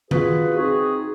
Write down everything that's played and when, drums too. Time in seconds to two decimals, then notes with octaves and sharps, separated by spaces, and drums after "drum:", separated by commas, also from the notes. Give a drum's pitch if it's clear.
0.11 F4 F#4 G#4 B4, drum: tom D#3
0.57 C4 D#4 F#4 G#4